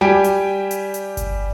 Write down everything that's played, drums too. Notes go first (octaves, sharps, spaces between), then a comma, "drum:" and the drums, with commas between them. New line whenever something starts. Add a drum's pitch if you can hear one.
G3 G4 G5 G#5 D7
drum: hi-hat
drum: hi-hat
drum: hi-hat
drum: kick G1, hi-hat